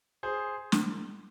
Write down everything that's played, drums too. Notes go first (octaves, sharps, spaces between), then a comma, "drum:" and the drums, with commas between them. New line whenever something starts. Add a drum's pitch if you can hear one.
G#4 C5
drum: snare